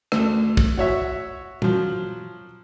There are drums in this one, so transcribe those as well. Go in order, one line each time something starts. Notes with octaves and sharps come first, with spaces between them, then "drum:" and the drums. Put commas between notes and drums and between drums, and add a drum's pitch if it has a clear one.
D2, drum: rim click
drum: kick
F#4 C#5 E5
F3 F#3, drum: tom A#2